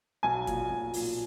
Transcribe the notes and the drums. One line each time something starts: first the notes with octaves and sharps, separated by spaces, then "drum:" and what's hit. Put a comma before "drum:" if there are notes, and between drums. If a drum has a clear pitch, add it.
B1 G#5
A#2, drum: kick, hi-hat
B1
A#2, drum: open hi-hat